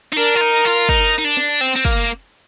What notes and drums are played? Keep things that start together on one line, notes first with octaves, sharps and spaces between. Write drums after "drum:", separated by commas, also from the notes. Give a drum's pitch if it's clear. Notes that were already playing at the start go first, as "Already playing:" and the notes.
D#4
D4 A#4
F4
D#4
F4
D#4, drum: kick
D#4
D4
drum: snare
C4
C4
A#3, drum: kick